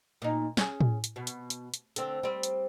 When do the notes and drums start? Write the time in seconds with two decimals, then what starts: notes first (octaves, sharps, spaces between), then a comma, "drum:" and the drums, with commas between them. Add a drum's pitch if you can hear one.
0.22 A#2 D#4
0.57 C#4 G#4, drum: snare
0.81 drum: tom A2
1.04 drum: hi-hat
1.16 B2
1.27 drum: hi-hat
1.50 drum: hi-hat
1.74 drum: hi-hat
1.96 D3 C4, drum: hi-hat
2.23 G3 C4
2.43 drum: hi-hat